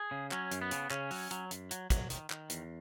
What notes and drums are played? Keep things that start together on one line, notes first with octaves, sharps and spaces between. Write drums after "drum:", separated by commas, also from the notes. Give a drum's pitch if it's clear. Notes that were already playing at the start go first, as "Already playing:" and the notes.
Already playing: G#4
C#3
F#3 C#4, drum: clap
F#2, drum: hi-hat
B3
C#3, drum: hi-hat
C#3 C#4, drum: clap
F#3, drum: open hi-hat
F#3, drum: hi-hat
F#2, drum: hi-hat
F#3, drum: hi-hat
F#3, drum: kick, hi-hat
D#3, drum: hi-hat
D#3, drum: clap
E2, drum: hi-hat